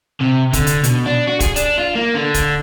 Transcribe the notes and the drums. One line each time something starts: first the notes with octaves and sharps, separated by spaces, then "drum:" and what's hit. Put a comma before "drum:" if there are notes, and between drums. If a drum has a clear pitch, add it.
C3
D3, drum: kick, hi-hat
drum: hi-hat
B2, drum: hi-hat
D4
F#4
G#4, drum: kick, hi-hat
D4, drum: hi-hat
F4
A#3
D3
drum: kick, hi-hat